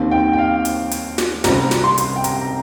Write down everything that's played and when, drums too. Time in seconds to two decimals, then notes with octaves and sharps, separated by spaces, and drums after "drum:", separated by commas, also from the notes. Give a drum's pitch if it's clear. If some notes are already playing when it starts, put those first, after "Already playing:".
Already playing: D#2 D#3 C4
0.11 G5
0.33 G5
0.38 F5
0.65 drum: hi-hat
0.91 drum: hi-hat
1.18 drum: snare
1.44 C2 C3 G3 C4 A#5, drum: snare
1.71 drum: snare
1.84 C6
1.98 drum: hi-hat
2.16 G5
2.24 A#5, drum: hi-hat
2.41 A#5